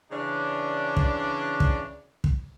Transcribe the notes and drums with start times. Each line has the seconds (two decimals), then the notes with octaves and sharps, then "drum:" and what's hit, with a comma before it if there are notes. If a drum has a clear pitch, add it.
0.12 C#3 E3 C#4 D4
0.97 drum: kick
1.60 drum: kick
2.24 drum: kick